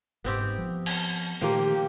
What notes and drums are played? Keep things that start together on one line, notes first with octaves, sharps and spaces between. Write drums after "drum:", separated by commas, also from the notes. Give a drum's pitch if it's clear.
G1 G#2 B3 C4 G4
F3
drum: cymbal
A#2 D#3 F3 A3 A#3 G4